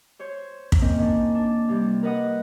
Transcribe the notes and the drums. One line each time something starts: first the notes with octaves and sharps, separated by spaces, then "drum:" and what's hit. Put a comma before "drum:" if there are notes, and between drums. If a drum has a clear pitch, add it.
C5 C#5 C#6
drum: kick
A#3 C4 C#4 D#5
D#3 C#4 D4
D4
C3 G3
A#4 B4 D#5 F#5 D#6